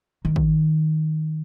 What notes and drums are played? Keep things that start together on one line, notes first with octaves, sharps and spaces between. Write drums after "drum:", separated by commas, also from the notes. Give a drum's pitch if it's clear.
D#3
drum: kick